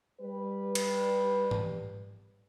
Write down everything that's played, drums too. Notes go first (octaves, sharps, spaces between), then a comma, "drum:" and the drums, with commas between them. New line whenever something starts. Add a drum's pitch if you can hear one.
G3 B4
drum: cymbal
drum: tom G#2